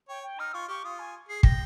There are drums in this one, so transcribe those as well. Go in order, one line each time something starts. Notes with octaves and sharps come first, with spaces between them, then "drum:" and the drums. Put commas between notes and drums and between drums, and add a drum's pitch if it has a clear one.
C#5 G5
G5
D#4 F6
F4 C#6
G4 C#6
F4 D#6
G#5
G#4 C7
G5 A#6, drum: kick